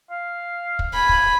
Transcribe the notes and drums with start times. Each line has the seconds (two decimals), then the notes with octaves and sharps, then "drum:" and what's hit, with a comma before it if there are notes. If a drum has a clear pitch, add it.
0.11 F5
0.79 drum: kick
0.94 G#5 B5
1.09 drum: kick